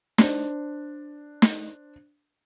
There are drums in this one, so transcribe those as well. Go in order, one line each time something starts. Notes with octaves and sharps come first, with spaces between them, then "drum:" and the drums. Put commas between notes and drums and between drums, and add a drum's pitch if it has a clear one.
D4 C5, drum: snare
drum: snare